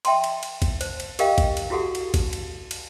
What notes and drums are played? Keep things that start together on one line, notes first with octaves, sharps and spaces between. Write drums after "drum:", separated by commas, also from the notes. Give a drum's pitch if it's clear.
E5 G5 A5 C6, drum: cymbal
drum: cymbal
drum: cymbal
drum: kick A1, cymbal
C5, drum: cymbal
drum: cymbal
G4 A#4 D#5 F5 G5, drum: cymbal
drum: kick A1, cymbal
drum: cymbal
E4 F#4 G4 A4 F#5
drum: cymbal
drum: kick A1, cymbal
drum: cymbal
drum: cymbal